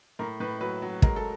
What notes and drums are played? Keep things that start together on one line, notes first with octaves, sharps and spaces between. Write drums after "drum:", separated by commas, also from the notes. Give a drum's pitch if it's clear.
A2 A#4
A2 B4
F#3 B4
F#3
G#3 A#4, drum: kick
A4